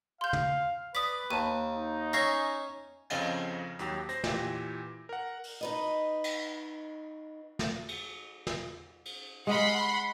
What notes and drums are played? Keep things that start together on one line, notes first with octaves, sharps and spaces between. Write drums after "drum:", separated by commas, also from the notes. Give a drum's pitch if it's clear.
F5 C6 G6
drum: tom
B4 D5 D#6 B6
D#2 A5 D#7
D#4
C#4 E5 G#5 A#6 C7
F2 C#3 C4 D#5 F5 A6, drum: cymbal
D#2 F#3 G4, drum: hi-hat
C5 A#6, drum: hi-hat
A#2 E3 G4, drum: snare
A#4 F#5
drum: open hi-hat
D#4 B4 D#5
drum: cymbal
drum: snare
drum: cymbal
drum: snare
drum: cymbal
G#3 D#5 F5 F#5 B5 C6